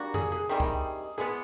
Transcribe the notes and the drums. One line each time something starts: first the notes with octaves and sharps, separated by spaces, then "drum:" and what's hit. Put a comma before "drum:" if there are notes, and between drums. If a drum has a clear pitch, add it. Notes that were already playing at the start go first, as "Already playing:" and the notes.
Already playing: G3 A#3 D4 F#4
G#4, drum: tom F2
G#4
C3 D#3 G3
drum: kick
E3 G#3 B3 G#4